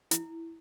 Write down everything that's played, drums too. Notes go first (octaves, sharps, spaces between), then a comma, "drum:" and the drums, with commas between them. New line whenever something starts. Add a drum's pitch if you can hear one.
E4, drum: hi-hat